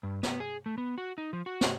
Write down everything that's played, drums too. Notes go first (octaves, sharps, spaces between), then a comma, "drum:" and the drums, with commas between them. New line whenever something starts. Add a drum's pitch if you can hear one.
G2
B3, drum: snare
G#4
A3
B3
F#4
D#4
F3
F#4
drum: snare